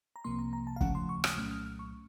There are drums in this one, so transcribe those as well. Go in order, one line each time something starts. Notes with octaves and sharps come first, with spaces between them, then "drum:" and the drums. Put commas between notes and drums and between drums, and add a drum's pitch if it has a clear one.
A#5
C2 C3 F3 A#3 C6
A#5
A#5
A5
F5
D#2 C#3 F3 A3 C#4 F#5, drum: kick
C6
C#6
D#6, drum: rim click
F6
C2 A#2 F#3 A3 C#4 D#6
F6
F6
C#6